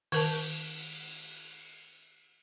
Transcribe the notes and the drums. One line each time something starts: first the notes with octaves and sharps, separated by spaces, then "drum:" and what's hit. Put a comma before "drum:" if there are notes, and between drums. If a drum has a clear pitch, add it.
D#3 A#4 A5, drum: open hi-hat